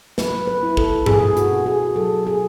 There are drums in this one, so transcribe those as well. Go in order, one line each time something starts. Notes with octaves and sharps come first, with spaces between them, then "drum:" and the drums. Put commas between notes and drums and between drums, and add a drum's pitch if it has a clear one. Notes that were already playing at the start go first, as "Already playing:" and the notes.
F#3 B4, drum: snare
B4
E4
A4, drum: kick
B2 G#4, drum: tom G2
F#4, drum: hi-hat
C#4
G#4
F#3 A4
G#4